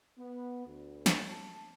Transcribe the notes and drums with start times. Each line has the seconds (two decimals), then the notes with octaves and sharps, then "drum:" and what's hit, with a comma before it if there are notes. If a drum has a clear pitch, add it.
0.19 B3
0.67 D2
1.06 drum: snare
1.27 A5